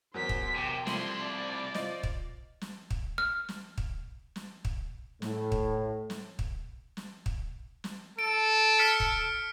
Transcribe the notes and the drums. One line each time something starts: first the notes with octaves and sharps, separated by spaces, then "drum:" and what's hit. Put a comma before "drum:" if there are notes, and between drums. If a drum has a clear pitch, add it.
E2 F#3 A#4 C5 B6
drum: kick
C3 G5
C3 F3 A3 E4 C6, drum: snare
D5
F4 C5 D#5, drum: snare
drum: kick
drum: snare
drum: kick
F6
drum: snare
drum: kick
drum: snare
drum: kick
A2, drum: snare
drum: kick
drum: snare
drum: kick
drum: snare
drum: kick
drum: snare
A4 D7
F6 B6 C#7
drum: kick